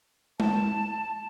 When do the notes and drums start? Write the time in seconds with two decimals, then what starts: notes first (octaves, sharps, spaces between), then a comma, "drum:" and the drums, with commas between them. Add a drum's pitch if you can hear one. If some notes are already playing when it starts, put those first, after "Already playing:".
0.40 A5, drum: tom G#3